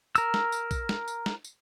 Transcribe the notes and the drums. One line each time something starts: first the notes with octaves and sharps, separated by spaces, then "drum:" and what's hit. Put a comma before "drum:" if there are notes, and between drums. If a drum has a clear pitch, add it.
A#4 E6, drum: tambourine
drum: snare
drum: tambourine
drum: kick, tambourine
drum: snare
drum: tambourine
drum: snare
drum: tambourine